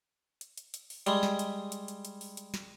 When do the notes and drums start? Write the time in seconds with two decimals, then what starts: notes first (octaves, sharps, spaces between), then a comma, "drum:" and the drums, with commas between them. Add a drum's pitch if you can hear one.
0.41 drum: hi-hat
0.57 drum: hi-hat
0.74 drum: hi-hat
0.90 drum: open hi-hat
1.06 G3 G#3, drum: hi-hat
1.23 drum: snare
1.39 drum: hi-hat
1.72 drum: hi-hat
1.88 drum: hi-hat
2.05 drum: hi-hat
2.21 drum: open hi-hat
2.37 drum: hi-hat
2.54 drum: snare